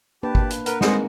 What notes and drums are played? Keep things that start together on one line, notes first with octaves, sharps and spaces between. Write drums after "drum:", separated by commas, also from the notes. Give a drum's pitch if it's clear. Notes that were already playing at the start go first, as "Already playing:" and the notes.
A#3 D4 G4 B4 A5
drum: kick G#1
drum: hi-hat
A#4 B4 F#5, drum: hi-hat
G#3 C4 D#4 G#4 A#4 C5 D#5 F#5, drum: snare